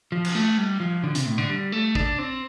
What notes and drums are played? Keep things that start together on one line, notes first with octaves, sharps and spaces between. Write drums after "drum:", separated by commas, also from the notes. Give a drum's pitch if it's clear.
F3
drum: cymbal
A3
G3
F3
D3
C3, drum: hi-hat
A2
D3
G3
A3
D4, drum: kick
C4